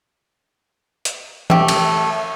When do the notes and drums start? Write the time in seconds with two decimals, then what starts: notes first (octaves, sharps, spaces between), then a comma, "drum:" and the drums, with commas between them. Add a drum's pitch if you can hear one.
1.05 drum: hi-hat
1.50 A3 G4, drum: tom E3
1.68 drum: cymbal